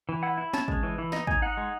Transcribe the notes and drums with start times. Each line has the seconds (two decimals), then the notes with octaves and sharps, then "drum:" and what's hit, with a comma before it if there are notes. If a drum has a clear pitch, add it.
0.09 E3
0.23 E4 F#5
0.38 E4
0.54 C#4 A5, drum: snare
0.68 G#3, drum: kick
0.83 E3
0.98 E3
1.12 D#4 D#5, drum: snare
1.27 D#4 G#5, drum: kick
1.42 D#4 F#5
1.57 G#3